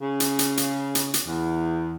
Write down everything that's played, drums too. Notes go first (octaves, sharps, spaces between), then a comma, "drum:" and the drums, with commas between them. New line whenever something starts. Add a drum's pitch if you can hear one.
C#3
drum: hi-hat
drum: hi-hat
drum: hi-hat
drum: hi-hat
drum: hi-hat
E2